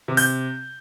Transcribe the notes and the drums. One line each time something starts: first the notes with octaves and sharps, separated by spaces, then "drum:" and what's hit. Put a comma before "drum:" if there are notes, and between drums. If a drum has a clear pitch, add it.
C3
G6, drum: open hi-hat